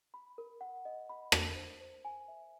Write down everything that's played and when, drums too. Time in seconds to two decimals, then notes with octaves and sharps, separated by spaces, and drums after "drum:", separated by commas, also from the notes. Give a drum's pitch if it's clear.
0.14 B5
0.38 A#4
0.61 F#5
0.85 D#5
1.09 B5
1.32 A#4, drum: rim click
1.56 C5
1.81 C5
2.05 G#5
2.28 E5